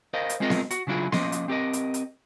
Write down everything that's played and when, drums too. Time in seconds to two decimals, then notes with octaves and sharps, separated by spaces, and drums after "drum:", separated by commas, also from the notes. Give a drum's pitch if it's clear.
0.14 A#4 C5 D#5 F5
0.29 drum: hi-hat
0.40 G#3 C4 F4 G#4 A#4 D#5
0.50 drum: snare B3
0.71 F#4, drum: hi-hat
0.87 C#3 F#3 D4 E4 F4 G#4
1.12 F3 A#3 C#4 D#5 C6, drum: snare B3
1.32 drum: hi-hat
1.48 C4 G4 A#4 D#5
1.73 drum: hi-hat
1.94 drum: hi-hat